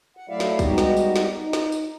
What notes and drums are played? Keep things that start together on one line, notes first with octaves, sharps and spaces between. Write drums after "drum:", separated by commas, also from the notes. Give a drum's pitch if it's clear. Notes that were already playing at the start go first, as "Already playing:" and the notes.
F#5
F#3 A3 E4 D5 E5 F5
drum: snare
G3 G#3 B3 D#4 F#4 G4, drum: kick, tambourine
drum: snare
drum: tambourine
drum: snare
D#4
drum: snare
drum: tambourine